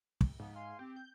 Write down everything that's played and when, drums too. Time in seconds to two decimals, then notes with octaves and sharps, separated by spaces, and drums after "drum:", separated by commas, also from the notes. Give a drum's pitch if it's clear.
0.21 drum: kick
0.40 G#2 C#3 F3 B3
0.55 F5 G#5 C6
0.79 C4 G4
0.96 G6